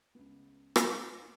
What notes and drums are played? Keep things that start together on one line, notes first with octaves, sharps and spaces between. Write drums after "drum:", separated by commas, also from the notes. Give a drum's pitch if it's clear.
C#2 B3
drum: rim click